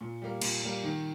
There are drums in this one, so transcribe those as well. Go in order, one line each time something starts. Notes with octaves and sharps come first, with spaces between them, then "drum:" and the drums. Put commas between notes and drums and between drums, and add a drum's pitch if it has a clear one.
A#2
G3 A#3
A#2, drum: cymbal
G3 A#3
D#3